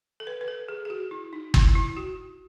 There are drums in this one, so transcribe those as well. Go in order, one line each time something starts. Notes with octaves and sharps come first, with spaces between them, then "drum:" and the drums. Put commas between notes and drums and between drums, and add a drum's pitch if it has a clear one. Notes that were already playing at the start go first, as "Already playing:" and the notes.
A4
B4
B4
A4
G#4
G#4
F#4
E4
D#4
E4, drum: kick
E4
F#4